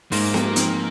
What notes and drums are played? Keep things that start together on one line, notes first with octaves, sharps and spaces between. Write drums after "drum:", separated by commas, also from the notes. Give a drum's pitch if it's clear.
G#2 A#3, drum: open hi-hat
drum: snare B3
F3 C4 D#4, drum: hi-hat